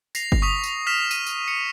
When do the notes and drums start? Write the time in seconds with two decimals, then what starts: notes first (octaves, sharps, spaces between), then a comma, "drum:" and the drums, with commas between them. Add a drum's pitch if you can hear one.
0.15 A#6 C7 F7, drum: tambourine
0.32 drum: kick G1
0.42 C#6 D#6 B6 F7
0.63 drum: tambourine
0.87 F6 B6 E7 F7
1.11 F6 D#7, drum: tambourine
1.27 drum: tambourine
1.48 C#7